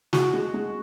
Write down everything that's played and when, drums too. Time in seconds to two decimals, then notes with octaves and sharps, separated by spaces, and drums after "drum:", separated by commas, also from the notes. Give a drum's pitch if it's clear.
0.13 G#3 F#4, drum: snare
0.34 G#3
0.54 G#3